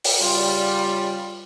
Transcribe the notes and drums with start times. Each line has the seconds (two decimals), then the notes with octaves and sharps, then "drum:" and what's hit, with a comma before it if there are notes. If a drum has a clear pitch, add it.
0.04 drum: open hi-hat
0.21 C#3 G3 F4